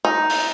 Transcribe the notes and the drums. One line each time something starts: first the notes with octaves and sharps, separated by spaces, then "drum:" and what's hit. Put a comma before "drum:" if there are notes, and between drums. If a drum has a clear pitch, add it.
D#4
drum: open hi-hat